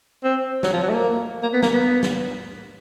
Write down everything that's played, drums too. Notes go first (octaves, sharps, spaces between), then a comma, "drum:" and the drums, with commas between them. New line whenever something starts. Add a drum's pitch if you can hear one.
C4
F#3, drum: snare
F3
F#3
A3
A#3
A#3
B3
A#3, drum: snare
B3
drum: snare